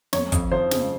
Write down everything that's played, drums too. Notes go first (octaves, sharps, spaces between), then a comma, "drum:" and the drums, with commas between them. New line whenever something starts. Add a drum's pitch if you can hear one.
F2 C#5, drum: snare
F2, drum: kick, hi-hat
F3 C5
C#3, drum: snare